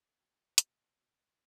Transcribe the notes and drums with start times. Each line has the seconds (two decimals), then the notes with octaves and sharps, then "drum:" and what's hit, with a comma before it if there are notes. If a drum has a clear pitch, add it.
0.19 B2 G5
0.58 B2, drum: hi-hat
0.96 B2